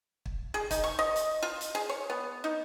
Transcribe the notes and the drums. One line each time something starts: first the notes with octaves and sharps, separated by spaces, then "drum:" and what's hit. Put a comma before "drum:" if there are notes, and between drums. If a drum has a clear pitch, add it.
drum: kick
G#4
D#4, drum: kick, hi-hat
C#6
D#5
drum: hi-hat
F4
drum: hi-hat
G#4
C#5
B3
D#4